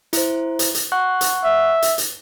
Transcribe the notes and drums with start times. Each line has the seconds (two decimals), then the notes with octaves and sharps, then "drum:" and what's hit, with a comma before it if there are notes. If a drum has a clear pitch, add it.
0.13 E4 C5, drum: hi-hat
0.59 drum: hi-hat
0.74 drum: hi-hat
0.92 F#5 C#6 F#6
1.21 drum: hi-hat
1.45 E5
1.82 drum: hi-hat
1.98 drum: hi-hat